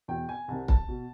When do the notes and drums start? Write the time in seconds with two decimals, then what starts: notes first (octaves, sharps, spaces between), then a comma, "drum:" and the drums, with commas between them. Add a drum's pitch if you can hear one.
0.08 E2 B2 G5
0.29 G#5
0.48 C2 C3 D#3 A5
0.68 A5, drum: kick
0.89 B2